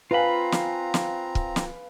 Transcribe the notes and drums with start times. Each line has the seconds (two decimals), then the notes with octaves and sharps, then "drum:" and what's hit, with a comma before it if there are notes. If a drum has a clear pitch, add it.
0.11 C4 F4 B4 F5 G#5 A#5 B5
0.52 drum: snare
0.94 drum: snare
1.35 drum: kick
1.56 drum: snare